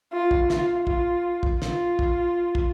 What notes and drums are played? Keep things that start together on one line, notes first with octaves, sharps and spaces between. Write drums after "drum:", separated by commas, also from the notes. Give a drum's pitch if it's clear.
F4
drum: kick
F4, drum: snare
F4, drum: kick
drum: kick
F4, drum: snare
drum: kick
drum: kick